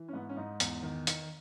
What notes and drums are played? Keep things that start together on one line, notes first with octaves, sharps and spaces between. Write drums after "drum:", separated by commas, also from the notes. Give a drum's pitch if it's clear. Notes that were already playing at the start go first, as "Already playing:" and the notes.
Already playing: E3
C#4
G#2 B3
C#4
G#2 D#4
E2, drum: hi-hat
D#3
D#3, drum: hi-hat